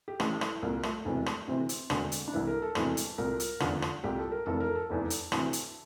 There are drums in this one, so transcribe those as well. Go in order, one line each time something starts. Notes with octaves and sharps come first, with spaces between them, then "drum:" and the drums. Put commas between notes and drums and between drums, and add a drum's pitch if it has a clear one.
G4
A1 A2 E3 A4, drum: rim click
E4, drum: rim click
C2 A#2 A#3
A3, drum: rim click
E1 D2 C3 E3
drum: rim click
D2 C3 E3 C4
drum: hi-hat
E1 D2 D3, drum: rim click
drum: hi-hat
D4
C2 C3 E3 E4
A#4
A4
E1 D2 C3 E3, drum: rim click
drum: hi-hat
C2 A#2 A#4
drum: hi-hat
F1 E2 D3 F4, drum: rim click
drum: rim click
C2 A#2 G4
A4
A#4
F1 F2 E3 A4
A#4
A4
F1 E2 E3
drum: hi-hat
D2 C3 E3, drum: rim click
drum: hi-hat